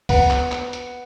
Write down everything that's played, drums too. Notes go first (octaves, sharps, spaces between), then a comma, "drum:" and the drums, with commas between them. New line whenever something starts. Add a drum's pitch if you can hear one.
B3 F#5, drum: kick C2, open hi-hat
drum: clap
drum: clap
drum: hi-hat